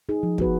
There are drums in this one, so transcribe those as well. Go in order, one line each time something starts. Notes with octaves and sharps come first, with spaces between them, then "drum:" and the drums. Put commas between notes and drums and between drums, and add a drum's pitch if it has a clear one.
D#4 G#4
F3
B3 F#4 B4, drum: kick